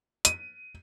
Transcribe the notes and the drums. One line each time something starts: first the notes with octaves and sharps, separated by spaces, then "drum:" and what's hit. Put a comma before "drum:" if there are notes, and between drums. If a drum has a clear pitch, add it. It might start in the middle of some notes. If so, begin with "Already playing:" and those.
D#7, drum: hi-hat